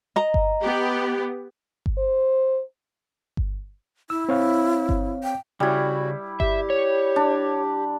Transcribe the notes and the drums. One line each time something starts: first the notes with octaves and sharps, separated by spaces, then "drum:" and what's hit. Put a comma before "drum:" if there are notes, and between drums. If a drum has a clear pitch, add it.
D#5 A#5
drum: kick G1
B3 G4
drum: kick G1
C5
drum: kick G1
E4 E6
C4 C#5 F5
drum: kick G1
G5
C#3 G3 E4 F#4
G4 E5, drum: kick G1
C#5
D4